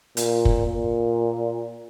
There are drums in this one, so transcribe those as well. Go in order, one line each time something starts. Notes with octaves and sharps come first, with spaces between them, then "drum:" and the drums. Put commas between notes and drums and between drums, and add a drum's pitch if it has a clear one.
A#2, drum: hi-hat
drum: kick
A#2